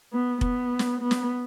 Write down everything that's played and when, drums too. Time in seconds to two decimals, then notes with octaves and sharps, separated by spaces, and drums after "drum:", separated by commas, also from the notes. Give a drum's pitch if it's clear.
0.13 B3
0.41 B3, drum: kick F1
0.79 drum: snare
1.00 B3
1.11 drum: snare